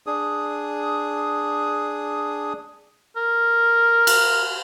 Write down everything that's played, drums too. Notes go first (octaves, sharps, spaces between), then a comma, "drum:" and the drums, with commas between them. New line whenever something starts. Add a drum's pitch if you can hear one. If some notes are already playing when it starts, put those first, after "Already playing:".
D4 G#4 D#6
A#4
drum: cymbal